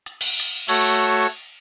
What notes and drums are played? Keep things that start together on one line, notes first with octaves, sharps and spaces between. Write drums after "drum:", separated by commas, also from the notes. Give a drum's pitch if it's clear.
drum: hi-hat
drum: cymbal
drum: hi-hat
A3 F#4 A4 C#5, drum: cymbal
drum: hi-hat